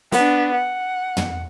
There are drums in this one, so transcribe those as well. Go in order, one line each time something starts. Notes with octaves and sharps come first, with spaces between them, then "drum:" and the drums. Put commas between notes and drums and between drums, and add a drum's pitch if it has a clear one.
B3 D4, drum: snare
F#5
drum: tom